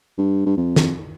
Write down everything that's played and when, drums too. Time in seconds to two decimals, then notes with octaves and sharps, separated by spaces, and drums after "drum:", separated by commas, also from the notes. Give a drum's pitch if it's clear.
0.18 G2
0.46 G2
0.57 F2
0.76 drum: snare